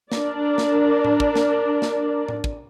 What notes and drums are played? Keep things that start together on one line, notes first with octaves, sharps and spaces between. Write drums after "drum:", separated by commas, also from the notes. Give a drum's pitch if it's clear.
D4 A#4 D5, drum: snare
drum: snare
drum: tom A2
drum: kick
drum: snare
drum: snare
drum: tom A2
drum: kick